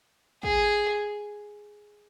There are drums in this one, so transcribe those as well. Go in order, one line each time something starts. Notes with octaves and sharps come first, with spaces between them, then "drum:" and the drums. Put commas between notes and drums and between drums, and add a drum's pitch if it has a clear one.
G#4, drum: kick